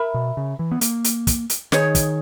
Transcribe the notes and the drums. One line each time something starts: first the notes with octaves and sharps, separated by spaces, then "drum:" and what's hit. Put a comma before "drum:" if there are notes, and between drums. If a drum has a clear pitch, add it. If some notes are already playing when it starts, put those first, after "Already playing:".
Already playing: A#4 E5 B5
B2
C#3
E3
B3
A#3, drum: hi-hat
drum: hi-hat
drum: kick, hi-hat
drum: hi-hat
D#3 D#4 G#4 C#5, drum: snare
drum: kick, hi-hat